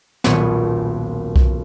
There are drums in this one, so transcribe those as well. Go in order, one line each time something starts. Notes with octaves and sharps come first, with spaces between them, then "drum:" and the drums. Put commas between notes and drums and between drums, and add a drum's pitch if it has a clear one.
D#1 B1 A#2 B3 C#6 D#7, drum: snare
drum: kick B1